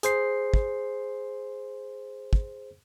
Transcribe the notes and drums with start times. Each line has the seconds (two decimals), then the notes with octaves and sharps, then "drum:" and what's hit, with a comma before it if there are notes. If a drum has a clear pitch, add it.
0.03 G#4 C5 C7, drum: hi-hat
0.54 drum: kick
2.33 drum: kick